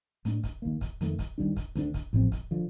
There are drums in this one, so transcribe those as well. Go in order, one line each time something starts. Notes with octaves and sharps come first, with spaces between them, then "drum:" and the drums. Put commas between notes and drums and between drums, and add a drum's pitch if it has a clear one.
A2 A3 D4, drum: hi-hat
drum: kick, hi-hat
D#2 D#3 A#3
drum: kick, hi-hat
F2 D#3 A3, drum: hi-hat
drum: kick, hi-hat
D#2 D#3 G3 D4
drum: kick, hi-hat
D2 D3 G3 D4, drum: hi-hat
drum: kick, hi-hat
A1 A2 F3 C4
drum: kick, hi-hat
D3 F3